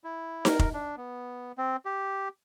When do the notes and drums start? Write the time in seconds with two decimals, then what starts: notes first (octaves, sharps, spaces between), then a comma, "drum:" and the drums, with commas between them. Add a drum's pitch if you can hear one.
0.04 E4
0.45 A#4, drum: snare D#4
0.59 drum: kick
0.74 D4
0.97 B3
1.58 C4
1.85 G4